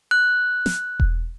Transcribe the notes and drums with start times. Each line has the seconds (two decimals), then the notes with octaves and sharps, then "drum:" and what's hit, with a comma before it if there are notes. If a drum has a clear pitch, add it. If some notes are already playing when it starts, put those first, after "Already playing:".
0.11 F#6
0.66 drum: snare
1.00 drum: kick E1